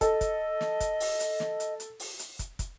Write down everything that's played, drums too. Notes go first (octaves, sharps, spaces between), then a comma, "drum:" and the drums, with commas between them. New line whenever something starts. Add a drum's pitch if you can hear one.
A4 D#5, drum: kick, hi-hat
drum: kick, hi-hat
drum: snare
drum: kick, hi-hat
drum: open hi-hat
drum: hi-hat
drum: snare
drum: hi-hat
drum: hi-hat
drum: open hi-hat
drum: hi-hat
drum: kick, hi-hat
drum: kick, hi-hat